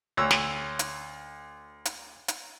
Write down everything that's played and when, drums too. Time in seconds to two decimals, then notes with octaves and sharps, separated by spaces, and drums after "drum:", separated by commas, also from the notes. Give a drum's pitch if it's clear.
0.17 D2 C#5 E6
0.31 drum: snare
0.79 drum: hi-hat
1.85 drum: hi-hat
2.28 drum: hi-hat